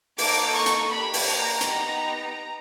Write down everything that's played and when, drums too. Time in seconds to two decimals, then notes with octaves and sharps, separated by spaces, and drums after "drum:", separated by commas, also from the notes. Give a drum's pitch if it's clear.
0.18 A#3 D#4 F#4 A4 D6, drum: open hi-hat
0.54 C#6
0.66 drum: hi-hat
0.90 A#3 D4 G4 B5
1.13 drum: open hi-hat
1.25 A#5
1.61 B3 D#4 G4, drum: hi-hat